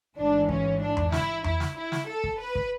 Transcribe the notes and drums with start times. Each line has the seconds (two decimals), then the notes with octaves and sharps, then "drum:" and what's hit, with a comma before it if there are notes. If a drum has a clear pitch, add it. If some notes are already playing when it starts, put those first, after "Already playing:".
0.17 A1 G#2 E3 D4
0.49 C#4, drum: kick
0.81 D4
0.97 drum: tom E2
1.12 E4, drum: snare
1.44 E4, drum: tom E2
1.60 drum: snare
1.76 E4
1.92 drum: snare
2.08 A4
2.24 drum: kick
2.39 B4
2.55 drum: kick